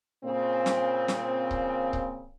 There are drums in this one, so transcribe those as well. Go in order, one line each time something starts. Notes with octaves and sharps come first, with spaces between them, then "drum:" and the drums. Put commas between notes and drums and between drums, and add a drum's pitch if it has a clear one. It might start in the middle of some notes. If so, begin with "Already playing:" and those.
A#2 C#3 C4
drum: snare
drum: snare
drum: kick C#1
drum: kick C#1